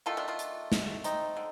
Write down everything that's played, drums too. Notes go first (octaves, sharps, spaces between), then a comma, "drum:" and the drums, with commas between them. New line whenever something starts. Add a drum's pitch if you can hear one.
D#3 A3 F4 A4
D4 F4
D4 F4
drum: hi-hat
drum: snare
C4 D#4, drum: hi-hat
D3